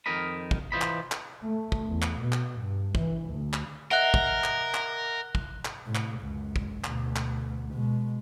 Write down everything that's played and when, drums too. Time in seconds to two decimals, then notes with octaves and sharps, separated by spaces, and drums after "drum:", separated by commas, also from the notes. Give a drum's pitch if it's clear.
0.06 F2 D#3 A#4 D#5 B5
0.51 drum: kick
0.72 E3 F4 C5 D#5 B5
0.81 drum: clap
1.12 drum: clap
1.43 A3
1.72 drum: kick
1.88 E2
2.02 drum: clap
2.20 B2
2.32 drum: clap
2.58 G2
2.95 E3, drum: kick
3.32 D2
3.53 drum: clap
3.91 A#4 D#5 E5 F#5 F#6 G7
4.14 drum: kick
4.44 drum: clap
4.74 drum: clap
5.35 drum: kick
5.65 drum: clap
5.86 A2 C3
5.95 drum: clap
6.19 C#2 F#2
6.56 drum: kick
6.84 D2 B2, drum: clap
7.16 drum: clap
7.72 B2 G#3